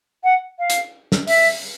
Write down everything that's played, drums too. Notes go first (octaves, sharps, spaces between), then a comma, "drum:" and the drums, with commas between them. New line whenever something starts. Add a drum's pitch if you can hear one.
F#5
F5
drum: hi-hat
drum: snare
E5, drum: open hi-hat